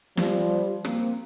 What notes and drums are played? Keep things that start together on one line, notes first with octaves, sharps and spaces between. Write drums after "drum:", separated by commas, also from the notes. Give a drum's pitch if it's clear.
F3 G3, drum: snare
A#3 C4, drum: rim click